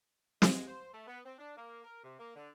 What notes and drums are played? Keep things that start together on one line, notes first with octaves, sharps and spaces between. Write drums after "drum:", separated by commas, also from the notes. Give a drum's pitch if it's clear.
G#3, drum: snare
C5
A3
B3
C4
D4
A#3
A#4
C3
A#3
D3